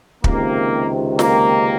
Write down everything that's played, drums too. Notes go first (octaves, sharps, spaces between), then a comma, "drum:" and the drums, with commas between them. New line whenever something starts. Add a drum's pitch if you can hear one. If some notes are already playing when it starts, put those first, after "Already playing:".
C#2 C3 D#3 A#3, drum: kick
A#3, drum: snare